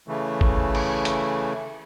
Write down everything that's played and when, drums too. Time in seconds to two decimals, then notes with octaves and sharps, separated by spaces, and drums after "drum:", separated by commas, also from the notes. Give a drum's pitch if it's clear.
0.08 C#3 E3 A3
0.41 drum: kick
0.75 drum: cymbal
1.05 drum: hi-hat